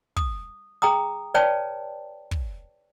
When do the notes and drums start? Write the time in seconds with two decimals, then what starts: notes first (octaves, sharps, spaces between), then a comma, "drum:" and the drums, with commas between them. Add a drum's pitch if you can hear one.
0.17 D#6, drum: kick
0.82 G#4 G5 A#5 D#6
1.34 B4 C#5 D5 G5 A5
2.31 drum: kick